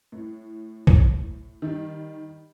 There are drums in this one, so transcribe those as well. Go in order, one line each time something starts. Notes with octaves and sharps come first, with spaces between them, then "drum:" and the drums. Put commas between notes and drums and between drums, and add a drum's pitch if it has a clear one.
A2
drum: kick
D#3 G3